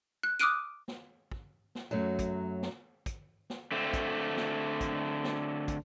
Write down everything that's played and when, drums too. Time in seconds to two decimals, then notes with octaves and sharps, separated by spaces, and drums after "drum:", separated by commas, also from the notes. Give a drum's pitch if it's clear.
0.23 F#6
0.40 D6 D#6 F6 F#6 D7 D#7
0.88 drum: snare
1.31 drum: kick
1.75 drum: snare
1.91 F#2 F#3 A3
2.19 drum: kick, hi-hat
2.62 drum: snare
3.06 drum: kick, hi-hat
3.50 drum: snare
3.72 D3 A3 C4
3.93 drum: kick, hi-hat
4.37 drum: snare
4.81 drum: kick, hi-hat
5.24 drum: snare
5.68 drum: kick, hi-hat